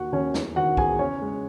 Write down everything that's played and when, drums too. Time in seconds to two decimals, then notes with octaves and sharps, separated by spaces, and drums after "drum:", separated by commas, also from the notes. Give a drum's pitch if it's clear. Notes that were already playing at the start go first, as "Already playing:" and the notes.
Already playing: D#2 D#3 F#4 F#5
0.12 D#2 C#4 C#5
0.34 E2, drum: snare
0.56 D#3 F#4 F#5
0.77 E2 G#4 G#5, drum: kick B1
0.99 C#3 C#4 C#5
1.21 G#3